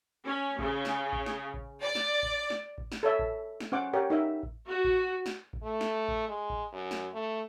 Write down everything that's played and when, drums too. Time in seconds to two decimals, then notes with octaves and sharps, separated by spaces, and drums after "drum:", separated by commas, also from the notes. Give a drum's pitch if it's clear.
0.24 C#4
0.59 C#3, drum: kick A1
0.85 drum: snare
1.13 drum: kick A1
1.26 drum: snare
1.54 drum: kick A1
1.81 D5
1.95 drum: snare
2.23 drum: kick A1
2.50 drum: snare
2.78 drum: kick A1
2.92 drum: snare
3.03 A4 C#5 E5
3.19 drum: kick A1
3.60 drum: snare
3.72 C#4 C5 F#5 D6
3.93 G4 A#4 C#5 F#5 G5
4.10 D#4 A#4 E5
4.43 drum: kick A1
4.66 F#4
4.84 drum: kick A1
5.26 drum: snare
5.53 drum: kick A1
5.63 A3
5.81 drum: snare
6.08 drum: kick A1
6.28 G#3
6.50 drum: kick A1
6.73 F#2
6.91 drum: snare
7.13 A3